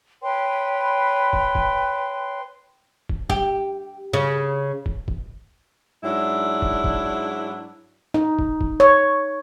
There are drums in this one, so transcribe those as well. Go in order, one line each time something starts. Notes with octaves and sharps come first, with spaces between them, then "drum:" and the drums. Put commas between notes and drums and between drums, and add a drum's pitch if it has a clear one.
B4 C#5 G5 C6
drum: kick
drum: kick
drum: kick
G4, drum: kick
C#3
drum: kick
drum: kick
G#2 F#3 D4 E4
drum: kick
drum: kick
D#4
drum: kick
drum: kick
C#5